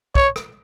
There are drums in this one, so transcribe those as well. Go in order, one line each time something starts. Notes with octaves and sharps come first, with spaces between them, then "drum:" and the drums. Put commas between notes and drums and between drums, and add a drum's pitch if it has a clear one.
C#5, drum: kick
drum: rim click